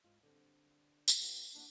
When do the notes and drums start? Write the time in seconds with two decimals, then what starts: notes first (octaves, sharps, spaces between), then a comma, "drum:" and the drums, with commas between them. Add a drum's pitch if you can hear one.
0.04 G#2 F4
0.23 D3 G3 C4
1.08 drum: tambourine
1.21 B3 F4
1.54 A#3 D4 E4 F#4